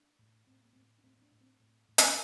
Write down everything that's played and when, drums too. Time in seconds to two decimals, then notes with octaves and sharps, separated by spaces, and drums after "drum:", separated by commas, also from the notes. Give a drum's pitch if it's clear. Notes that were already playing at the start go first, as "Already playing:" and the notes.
Already playing: D4
0.19 A2
0.47 A2 C4
0.60 A#3
0.73 A2 C4
0.98 D4
1.03 A2 C4
1.18 C4
1.22 D4
1.32 A2
1.41 C4
1.60 A2
1.88 A2
1.98 drum: hi-hat